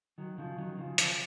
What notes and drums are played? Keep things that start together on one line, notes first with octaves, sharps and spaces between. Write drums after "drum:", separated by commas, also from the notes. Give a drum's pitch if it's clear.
D#3 F#3
C#3 F3
D#3 F#3
C#3 F3
C#3 F3, drum: hi-hat